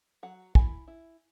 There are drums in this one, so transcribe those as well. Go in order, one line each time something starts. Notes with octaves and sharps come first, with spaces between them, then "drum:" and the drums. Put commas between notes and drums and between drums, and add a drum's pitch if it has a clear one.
F#3 F#5
E4 G#5, drum: kick
E4